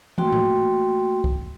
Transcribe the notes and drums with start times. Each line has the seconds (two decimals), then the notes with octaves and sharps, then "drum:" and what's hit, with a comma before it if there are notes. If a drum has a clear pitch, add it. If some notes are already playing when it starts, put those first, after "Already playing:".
0.18 A3 A#3 F#4 G5 C6, drum: tom
0.32 drum: tom A2
1.24 drum: kick